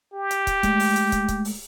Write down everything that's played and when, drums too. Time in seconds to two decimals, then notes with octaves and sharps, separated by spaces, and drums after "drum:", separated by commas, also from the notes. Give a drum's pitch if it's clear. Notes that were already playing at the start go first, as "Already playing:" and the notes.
0.14 G4
0.31 drum: hi-hat
0.47 drum: kick, hi-hat
0.63 G#3 A3, drum: kick, hi-hat
0.80 drum: open hi-hat
0.96 drum: hi-hat
1.12 drum: kick, hi-hat
1.28 drum: kick, hi-hat
1.45 drum: open hi-hat